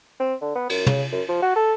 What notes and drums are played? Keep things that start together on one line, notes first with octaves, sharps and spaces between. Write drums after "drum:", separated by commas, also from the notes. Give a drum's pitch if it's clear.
C4
D3
B3
F#2, drum: cymbal
C#3, drum: tom
F#2
F3
F#4
A4